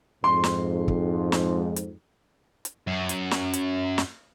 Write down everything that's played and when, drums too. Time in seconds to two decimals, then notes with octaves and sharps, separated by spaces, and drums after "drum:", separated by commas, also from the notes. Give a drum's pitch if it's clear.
0.24 F2 G#2 C6
0.44 drum: snare
0.88 drum: kick
1.32 drum: snare
1.76 drum: hi-hat
2.65 drum: hi-hat
2.87 F#2
3.09 drum: hi-hat
3.31 drum: snare
3.53 drum: hi-hat
3.98 drum: snare